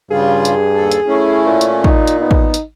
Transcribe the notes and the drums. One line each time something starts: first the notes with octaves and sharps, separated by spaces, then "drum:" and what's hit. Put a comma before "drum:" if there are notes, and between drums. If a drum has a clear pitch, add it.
G2 C#3 G3 F4 G#4
drum: hi-hat
D#2 A4
drum: hi-hat
A3 C#4 E4
A#2
drum: hi-hat
D#4, drum: kick
drum: hi-hat
B3 D#4
drum: kick
drum: hi-hat